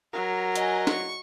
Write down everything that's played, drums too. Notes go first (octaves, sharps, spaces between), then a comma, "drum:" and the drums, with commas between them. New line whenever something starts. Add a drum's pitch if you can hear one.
F#3 A#4
D#5 G#5, drum: hi-hat
C#6, drum: snare